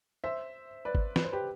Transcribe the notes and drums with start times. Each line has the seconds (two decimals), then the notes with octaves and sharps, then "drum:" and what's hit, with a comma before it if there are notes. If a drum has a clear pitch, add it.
0.24 C5 E5
0.85 B4 D5
0.95 drum: kick G#1
1.16 B4, drum: snare
1.25 C5
1.32 G4 B4